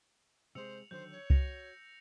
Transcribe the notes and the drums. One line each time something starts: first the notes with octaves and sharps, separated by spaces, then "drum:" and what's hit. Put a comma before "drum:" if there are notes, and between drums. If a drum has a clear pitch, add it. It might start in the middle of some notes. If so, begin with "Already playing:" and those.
C3 G#3 C5 E6 C#7 F7
D3 D#3 F#3 C5 G6
C#5
F#4 A#6 C#7 F7, drum: kick C2